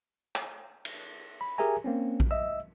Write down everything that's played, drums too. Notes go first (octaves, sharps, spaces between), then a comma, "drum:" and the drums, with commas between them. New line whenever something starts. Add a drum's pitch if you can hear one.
drum: clap
drum: cymbal
B5
G4 G#4 A#4 E5 G#5 A#5
A#3 C4 C#4
drum: kick A#1
D#5 E5 E6